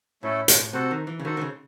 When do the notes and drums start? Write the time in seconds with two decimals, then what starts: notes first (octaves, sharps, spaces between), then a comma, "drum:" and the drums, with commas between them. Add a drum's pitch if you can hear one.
0.23 A2 A3 C#4 E4 A4
0.48 A2, drum: hi-hat
0.73 C3 F#4 A4 C5 F#5
0.91 D#3
1.07 E3
1.19 C#3
1.25 D#3 F#4 A4 C5 F#5
1.37 D#3
1.41 C#3